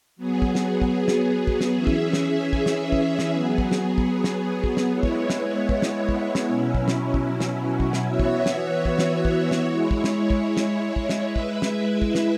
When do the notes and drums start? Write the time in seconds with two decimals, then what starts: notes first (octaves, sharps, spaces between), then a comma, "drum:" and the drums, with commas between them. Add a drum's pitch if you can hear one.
0.16 F#3 B3 G#4
0.42 drum: kick
0.55 drum: snare
0.82 drum: kick
1.08 drum: snare
1.47 drum: kick
1.61 drum: snare
1.74 E3 C#4 G#4 E5
1.87 drum: kick
2.13 drum: snare
2.53 drum: kick
2.66 drum: snare
2.92 drum: kick
3.19 drum: snare
3.32 F#3 B3 G#4
3.58 drum: kick
3.71 drum: snare
3.98 drum: kick
4.24 drum: snare
4.64 drum: kick
4.77 drum: snare
4.90 G#3 B3 E4 C#5
5.03 drum: kick
5.30 drum: snare
5.69 drum: kick
5.82 drum: snare
6.09 drum: kick
6.35 drum: snare
6.48 B2 F#3 C#4 E4
6.75 drum: kick
6.88 drum: snare
7.14 drum: kick
7.40 drum: snare
7.80 drum: kick
7.93 drum: snare
8.06 E3 B3 F#4 C#5 E5
8.20 drum: kick
8.46 drum: snare
8.85 drum: kick
8.99 drum: snare
9.25 drum: kick
9.51 drum: snare
9.64 G#3 E4 C#5
9.91 drum: kick
10.04 drum: snare
10.30 drum: kick
10.57 drum: snare
10.96 drum: kick
11.09 drum: snare
11.23 G#3 E4 B4 E5
11.36 drum: kick
11.62 drum: snare
12.02 drum: kick
12.15 drum: snare